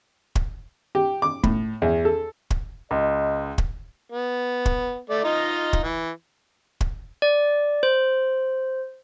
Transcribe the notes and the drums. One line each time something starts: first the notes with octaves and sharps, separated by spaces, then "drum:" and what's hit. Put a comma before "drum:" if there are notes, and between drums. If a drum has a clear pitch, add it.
drum: kick
G4
D6
A2, drum: kick
E2
A4
drum: kick
C#2 D#5
drum: kick
B3
drum: kick
A3 D5
D#4 F4 D#5
drum: kick
E3
drum: kick
D5
C5